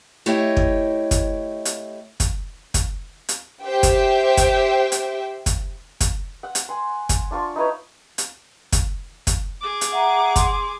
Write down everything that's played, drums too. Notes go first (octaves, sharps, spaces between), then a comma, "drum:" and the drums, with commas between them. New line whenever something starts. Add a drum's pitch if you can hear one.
A3 E4 G4 C#5 D#5
drum: kick
drum: kick, hi-hat
drum: hi-hat
drum: kick, hi-hat
drum: kick, hi-hat
drum: hi-hat
G4 C5 E5 G5
drum: kick, hi-hat
drum: kick, hi-hat
drum: hi-hat
drum: kick, hi-hat
drum: kick, hi-hat
F#5
drum: hi-hat
G#5 C6
drum: kick, hi-hat
D4 F4 C#6
D#4 E4 B4 C#5
drum: hi-hat
drum: kick, hi-hat
drum: kick, hi-hat
G#4 D6
drum: hi-hat
E5 F#5 A#5
C6, drum: kick, hi-hat